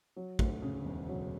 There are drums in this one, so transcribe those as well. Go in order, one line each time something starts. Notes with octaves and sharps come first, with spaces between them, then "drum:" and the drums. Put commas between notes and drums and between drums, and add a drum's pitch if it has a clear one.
F#3
D2, drum: kick
C#3
E1
F#3